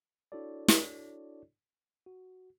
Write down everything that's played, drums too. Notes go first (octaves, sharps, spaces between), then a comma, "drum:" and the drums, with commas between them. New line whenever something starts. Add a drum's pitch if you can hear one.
D4 E4 F#4 A4 C#5 D5
drum: snare
F#4